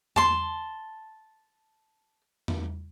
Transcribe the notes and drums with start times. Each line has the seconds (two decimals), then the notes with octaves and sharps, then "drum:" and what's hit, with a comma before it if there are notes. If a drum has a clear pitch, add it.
0.16 A5 C6, drum: tom E2
2.48 drum: tom E2